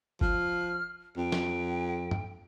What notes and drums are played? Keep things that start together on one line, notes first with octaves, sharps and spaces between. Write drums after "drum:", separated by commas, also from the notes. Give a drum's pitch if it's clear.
F3 F6, drum: kick
F2 G5
drum: snare
drum: tom